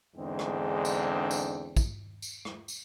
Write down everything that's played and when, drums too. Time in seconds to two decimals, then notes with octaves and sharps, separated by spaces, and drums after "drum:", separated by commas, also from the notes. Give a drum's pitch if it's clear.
0.16 E2 G#2 D3 G#3 C4 D4
0.39 drum: rim click
0.85 drum: tambourine
1.31 drum: tambourine
1.77 drum: kick, tambourine
2.22 drum: tambourine
2.45 drum: rim click
2.68 drum: tambourine